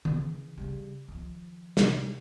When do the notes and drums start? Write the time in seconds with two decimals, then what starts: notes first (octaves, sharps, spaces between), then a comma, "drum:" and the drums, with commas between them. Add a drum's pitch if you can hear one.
0.05 C#3 E3, drum: tom D#3
0.58 C#3 G3
1.08 D#3 F3
1.77 C3, drum: snare